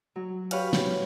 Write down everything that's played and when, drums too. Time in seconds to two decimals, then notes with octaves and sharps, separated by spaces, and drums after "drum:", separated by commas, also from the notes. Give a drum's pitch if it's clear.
0.16 F#3
0.51 G4 B4 C#5 F5 F#5, drum: hi-hat
0.73 drum: snare